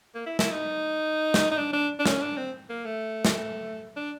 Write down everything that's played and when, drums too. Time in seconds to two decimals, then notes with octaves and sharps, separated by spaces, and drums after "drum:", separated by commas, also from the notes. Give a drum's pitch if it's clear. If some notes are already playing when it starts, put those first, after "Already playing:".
0.15 A#3
0.26 E4
0.39 E4, drum: snare
0.51 D#4
1.34 drum: snare
1.51 D#4
1.57 D4
1.73 D4
1.99 D4
2.06 C#4, drum: snare
2.22 D4
2.37 C4
2.70 A#3
2.85 A3
3.25 drum: snare
3.96 D4